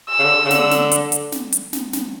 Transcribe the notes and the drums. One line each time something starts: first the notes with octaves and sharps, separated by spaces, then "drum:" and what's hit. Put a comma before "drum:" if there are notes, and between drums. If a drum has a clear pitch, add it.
E6
C#3
D3
C#3
D3, drum: snare
drum: snare
drum: hi-hat
drum: hi-hat
drum: snare
drum: hi-hat
drum: snare
drum: snare